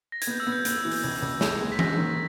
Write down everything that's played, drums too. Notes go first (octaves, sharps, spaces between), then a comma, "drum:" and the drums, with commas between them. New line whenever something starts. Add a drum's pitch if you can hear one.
A#6
G#6, drum: hi-hat
B3 G6
E6
B3
G6
B3, drum: hi-hat
E3
G6, drum: open hi-hat
C#2 G#6
C#2
G#4, drum: snare
G#3
B6
C#4 A#6, drum: tom E3
D#3